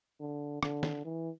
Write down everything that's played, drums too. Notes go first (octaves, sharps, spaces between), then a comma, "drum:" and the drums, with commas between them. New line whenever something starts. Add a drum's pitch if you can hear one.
D3
D3, drum: rim click
drum: snare
E3